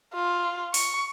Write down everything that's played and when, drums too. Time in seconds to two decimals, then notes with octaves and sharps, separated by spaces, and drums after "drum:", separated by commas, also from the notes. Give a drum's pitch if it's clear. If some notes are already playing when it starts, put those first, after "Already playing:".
0.14 F4
0.74 C#6, drum: open hi-hat